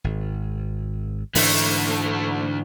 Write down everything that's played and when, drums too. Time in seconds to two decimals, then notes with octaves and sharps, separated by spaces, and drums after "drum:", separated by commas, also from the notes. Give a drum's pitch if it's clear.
0.04 G#1
1.35 G#2 D3 E3 A3, drum: open hi-hat